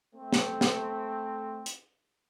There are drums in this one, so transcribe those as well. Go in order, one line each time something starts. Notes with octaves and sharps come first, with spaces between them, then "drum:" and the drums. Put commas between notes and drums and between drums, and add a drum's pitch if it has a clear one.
A3 C4
drum: snare
drum: snare
drum: hi-hat